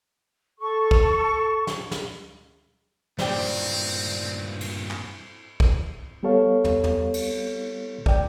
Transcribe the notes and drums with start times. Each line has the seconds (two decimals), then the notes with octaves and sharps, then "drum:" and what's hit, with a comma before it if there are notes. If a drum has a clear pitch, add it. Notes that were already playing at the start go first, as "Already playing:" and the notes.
0.60 A4 C#6
0.91 drum: kick
1.67 drum: snare
1.91 drum: snare
3.19 G2 A#2 C4 C5 D5 G5, drum: snare
4.61 drum: cymbal
4.91 drum: clap
5.60 drum: kick
6.23 G3 B3 G4 A4 C#5 F5
6.64 drum: tom
6.84 drum: tom
7.14 drum: cymbal
8.06 G#2 D5 G5, drum: kick